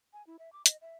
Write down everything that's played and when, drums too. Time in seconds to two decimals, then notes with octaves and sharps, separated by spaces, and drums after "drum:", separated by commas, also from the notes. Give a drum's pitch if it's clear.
0.13 G#5
0.27 E4
0.39 E5
0.53 D6
0.66 D#5, drum: hi-hat
0.81 E5